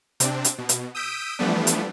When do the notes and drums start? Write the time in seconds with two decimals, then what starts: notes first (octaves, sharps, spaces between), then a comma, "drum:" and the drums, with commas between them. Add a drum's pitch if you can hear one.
0.20 C3 C4 D4, drum: hi-hat
0.44 drum: hi-hat
0.58 B2
0.69 drum: hi-hat
0.95 D#6 E6 G6 B6 D7 D#7
1.39 E3 F3 G3 A3 B3 D4
1.67 drum: hi-hat